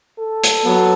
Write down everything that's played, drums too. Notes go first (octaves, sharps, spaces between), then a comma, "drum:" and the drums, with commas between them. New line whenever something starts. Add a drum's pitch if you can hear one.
A4
drum: hi-hat
F#3 B3